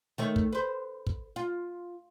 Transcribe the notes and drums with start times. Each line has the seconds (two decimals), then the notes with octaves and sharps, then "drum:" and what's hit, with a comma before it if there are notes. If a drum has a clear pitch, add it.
0.18 D#3 A3 C#5
0.36 drum: kick
0.53 B4 C5
1.07 drum: kick
1.36 F4